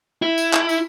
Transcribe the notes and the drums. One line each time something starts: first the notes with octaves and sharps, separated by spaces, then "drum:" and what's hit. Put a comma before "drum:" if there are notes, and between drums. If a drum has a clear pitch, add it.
E4
drum: tambourine
drum: clap
drum: tambourine